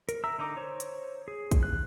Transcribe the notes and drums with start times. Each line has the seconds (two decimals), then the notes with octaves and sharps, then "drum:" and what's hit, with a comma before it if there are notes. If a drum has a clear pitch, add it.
0.09 A#4, drum: hi-hat
0.24 E5 A#5 E6
0.38 D3 D#4 A#5 D6
0.57 C5 C#5
0.80 drum: hi-hat
1.28 G#4
1.51 drum: kick, hi-hat
1.63 F#6